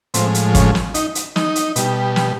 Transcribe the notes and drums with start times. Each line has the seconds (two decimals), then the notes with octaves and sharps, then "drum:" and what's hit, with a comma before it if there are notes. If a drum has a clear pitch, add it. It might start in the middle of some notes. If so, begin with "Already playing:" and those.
0.14 A2 F3 G#3 C4, drum: hi-hat
0.34 drum: hi-hat
0.55 C#4, drum: kick, hi-hat
0.75 drum: snare
0.94 D#4, drum: hi-hat
1.15 drum: hi-hat
1.36 D#4, drum: snare
1.56 drum: hi-hat
1.76 B2 G3, drum: hi-hat
2.16 drum: snare